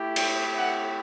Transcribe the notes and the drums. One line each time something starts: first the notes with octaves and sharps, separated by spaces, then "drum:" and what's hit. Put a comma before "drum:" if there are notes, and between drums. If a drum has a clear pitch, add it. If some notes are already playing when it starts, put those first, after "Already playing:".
Already playing: A3 E4 G4
G5, drum: cymbal
F#5